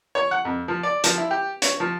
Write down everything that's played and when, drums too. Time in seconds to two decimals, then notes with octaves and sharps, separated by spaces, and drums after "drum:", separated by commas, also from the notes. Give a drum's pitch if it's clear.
0.15 C#5
0.31 F#5
0.45 F2
0.68 F3
0.83 D5
1.04 F3, drum: hi-hat
1.18 E4
1.31 G4
1.62 C#5, drum: hi-hat
1.80 F3